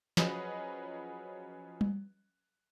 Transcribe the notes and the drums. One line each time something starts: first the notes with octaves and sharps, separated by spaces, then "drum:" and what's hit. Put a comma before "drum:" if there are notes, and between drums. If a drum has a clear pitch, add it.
F3 F#3 C#4 G#4 B4 D#5, drum: snare
drum: tom G3